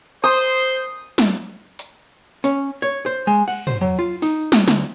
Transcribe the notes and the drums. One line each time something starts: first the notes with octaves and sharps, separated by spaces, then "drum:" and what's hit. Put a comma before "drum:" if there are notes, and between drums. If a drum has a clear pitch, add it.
C5 D#6
drum: snare
drum: hi-hat
C#4, drum: hi-hat
C#5
C5
G#3
F#5, drum: cymbal
C5, drum: tom
F#3
F4
D#4, drum: open hi-hat
drum: snare
D2, drum: snare